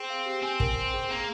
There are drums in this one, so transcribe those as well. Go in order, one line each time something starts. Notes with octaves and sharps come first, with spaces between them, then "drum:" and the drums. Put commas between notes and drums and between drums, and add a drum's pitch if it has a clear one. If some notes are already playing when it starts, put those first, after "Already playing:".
Already playing: C4 G#4
F5
G4
C4 G#5
A#4, drum: kick
G5
G#4
A#3 G#4